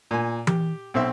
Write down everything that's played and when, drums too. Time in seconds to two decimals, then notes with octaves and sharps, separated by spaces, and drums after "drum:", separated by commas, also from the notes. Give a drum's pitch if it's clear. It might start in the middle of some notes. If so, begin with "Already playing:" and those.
0.11 A#2 G#5
0.47 G4, drum: tom E3
0.94 B1 C4 E5